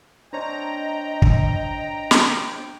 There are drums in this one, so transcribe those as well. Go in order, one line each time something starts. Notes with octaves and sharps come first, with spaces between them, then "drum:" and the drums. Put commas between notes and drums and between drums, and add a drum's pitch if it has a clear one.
D4 C5 C#5 D#5 G5 A#5
drum: kick
drum: snare